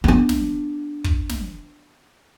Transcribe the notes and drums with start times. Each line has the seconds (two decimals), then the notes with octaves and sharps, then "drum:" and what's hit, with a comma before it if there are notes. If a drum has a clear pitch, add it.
0.04 B3 D4
0.29 drum: snare
1.04 drum: kick
1.29 drum: snare